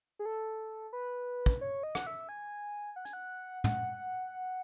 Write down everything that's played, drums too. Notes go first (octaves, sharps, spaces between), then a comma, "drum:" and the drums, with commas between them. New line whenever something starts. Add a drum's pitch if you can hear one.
G#4
A4
B4
drum: kick
C#5
D#5
F#5, drum: rim click
E5
G#5
F#5
G#5, drum: hi-hat
F#5
F#5, drum: tom